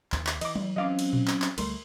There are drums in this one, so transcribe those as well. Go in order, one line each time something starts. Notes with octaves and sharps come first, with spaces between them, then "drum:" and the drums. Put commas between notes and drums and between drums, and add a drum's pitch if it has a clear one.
D#2, drum: clap
drum: clap
E3 D#5 D6, drum: cymbal
drum: tom F#3
F#3 C4 C#4 D#5 F5 D6
drum: cymbal
drum: tom A#2
drum: clap
drum: clap
D2 G3 A3 A#4 C6, drum: cymbal